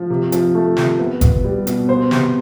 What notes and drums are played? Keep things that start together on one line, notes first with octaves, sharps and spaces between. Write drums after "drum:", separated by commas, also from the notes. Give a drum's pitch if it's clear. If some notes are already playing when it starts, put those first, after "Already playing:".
Already playing: F3
C3
F3, drum: hi-hat
A3
C3, drum: snare
B3
B3, drum: kick G1, hi-hat
G3
B2, drum: hi-hat
B3 C5
C3, drum: snare